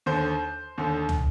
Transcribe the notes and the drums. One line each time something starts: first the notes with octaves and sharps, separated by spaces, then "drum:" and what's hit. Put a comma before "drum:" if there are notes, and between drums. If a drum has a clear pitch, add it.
D#2 D3 C5
D#2 D3
drum: tom